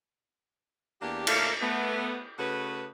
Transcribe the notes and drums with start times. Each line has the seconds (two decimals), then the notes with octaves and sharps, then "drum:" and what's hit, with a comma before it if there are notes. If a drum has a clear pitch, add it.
1.01 E2 A#3 D4 G4
1.27 A#2 D3 A3 A#3 A4 F5, drum: cymbal
1.62 A3 B3
2.39 C#3 A3 F#4 B4